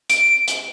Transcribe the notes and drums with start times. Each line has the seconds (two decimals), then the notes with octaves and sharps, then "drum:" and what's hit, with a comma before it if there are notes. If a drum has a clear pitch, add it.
0.10 D7, drum: hi-hat
0.48 drum: hi-hat